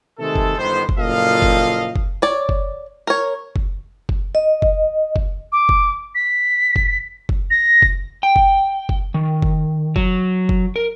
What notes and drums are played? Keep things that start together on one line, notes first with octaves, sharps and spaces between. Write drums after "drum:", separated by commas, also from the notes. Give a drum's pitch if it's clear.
C3 D#3 G#3 A3 A4
drum: kick F#1
G1 D#3 B3 C5
drum: kick F#1
F#1 A#2 F3 A4 D#5 F5
drum: kick F#1
drum: kick F#1
C#5 D5
drum: kick F#1
A#4 C#5
drum: kick F#1
drum: kick F#1
D#5
drum: kick F#1
drum: kick F#1
D6
drum: kick F#1
B6
drum: kick F#1
drum: kick F#1
A#6
drum: kick F#1
G5
drum: kick F#1
drum: kick F#1
D#3
drum: kick F#1
F#3, drum: kick F#1
drum: kick F#1
A#4